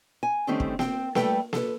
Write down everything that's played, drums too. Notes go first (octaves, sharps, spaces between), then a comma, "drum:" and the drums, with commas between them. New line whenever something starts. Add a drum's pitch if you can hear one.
G#5
D3 D#3 G3 A3 C4 C#4
drum: kick
C4 G5, drum: snare A#3
G3 A3 A4 B4 G5, drum: snare A#3
A4 B4, drum: snare A#3